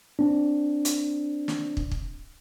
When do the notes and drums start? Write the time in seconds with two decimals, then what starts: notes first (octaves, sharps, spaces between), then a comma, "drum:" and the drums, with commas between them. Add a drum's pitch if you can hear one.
0.19 C4 D4
0.85 drum: hi-hat
1.48 drum: snare
1.77 drum: kick
1.91 drum: kick